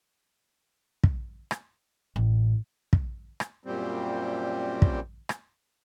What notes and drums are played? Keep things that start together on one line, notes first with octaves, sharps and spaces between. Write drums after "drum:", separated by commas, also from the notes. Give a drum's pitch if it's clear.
drum: kick
drum: rim click
A1
drum: kick
drum: rim click
F#2 A#2 G3 C4
drum: kick
drum: rim click